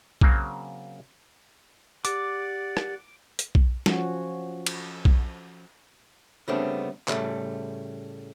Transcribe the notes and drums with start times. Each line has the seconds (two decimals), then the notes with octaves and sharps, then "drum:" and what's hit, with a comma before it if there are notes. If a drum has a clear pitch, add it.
0.21 C#3 F#3 A#3 C4, drum: kick
2.05 G4 D5 F#5 D6, drum: hi-hat
2.77 drum: rim click
3.39 drum: hi-hat
3.55 drum: kick
3.86 F3 C#4 F#4, drum: snare
4.66 drum: cymbal
5.05 drum: kick
6.48 C#3 G3 A3 B3 C4 D4
7.08 A2 C#3 G3 A3, drum: clap